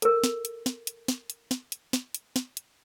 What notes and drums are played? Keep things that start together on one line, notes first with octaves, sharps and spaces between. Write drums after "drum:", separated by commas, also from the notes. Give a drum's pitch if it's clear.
A4 A#4, drum: hi-hat
drum: snare
drum: hi-hat
drum: snare
drum: hi-hat
drum: snare
drum: hi-hat
drum: snare
drum: hi-hat
drum: snare
drum: hi-hat
drum: snare
drum: hi-hat